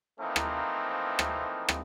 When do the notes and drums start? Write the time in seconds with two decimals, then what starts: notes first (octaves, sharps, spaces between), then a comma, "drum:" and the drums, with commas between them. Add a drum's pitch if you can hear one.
0.19 E3 F3 A3 A#3 C4 D#4
0.36 drum: rim click
1.19 drum: rim click
1.69 drum: rim click